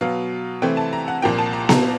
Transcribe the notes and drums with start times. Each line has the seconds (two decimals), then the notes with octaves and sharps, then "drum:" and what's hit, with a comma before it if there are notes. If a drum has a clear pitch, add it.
0.01 B2 F#3 B3 F5
0.62 C3 E3 A3 C4 E4 G5
0.77 A5
0.93 A#5
1.08 F#5
1.22 C2 A#2 F3 A#3 G5
1.38 A5
1.53 A#5
1.69 A#5, drum: snare B3